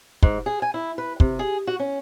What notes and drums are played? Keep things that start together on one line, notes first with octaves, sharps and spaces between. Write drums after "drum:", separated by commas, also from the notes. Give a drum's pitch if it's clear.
G#2, drum: kick
G#4
G#5
E4
B4
C3, drum: kick
G#4
F#4
C#4